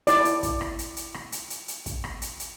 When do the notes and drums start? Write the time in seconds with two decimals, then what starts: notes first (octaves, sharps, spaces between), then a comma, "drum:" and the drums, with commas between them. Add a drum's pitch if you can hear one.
0.07 E4 D5, drum: hi-hat
0.25 drum: hi-hat
0.43 drum: kick, hi-hat
0.61 drum: rim click
0.79 drum: hi-hat
0.96 drum: hi-hat
1.14 drum: rim click
1.32 drum: hi-hat
1.50 drum: hi-hat
1.68 drum: hi-hat
1.86 drum: kick, hi-hat
2.04 drum: rim click
2.22 drum: hi-hat
2.40 drum: hi-hat